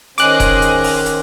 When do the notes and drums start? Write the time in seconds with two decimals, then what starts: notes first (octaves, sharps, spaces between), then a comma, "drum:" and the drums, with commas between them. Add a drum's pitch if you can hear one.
0.18 D#3 C#4 G#4 C5 D#5 D6 F#6, drum: hi-hat
0.40 drum: kick E1, hi-hat
0.62 drum: hi-hat
0.84 drum: open hi-hat
1.06 drum: hi-hat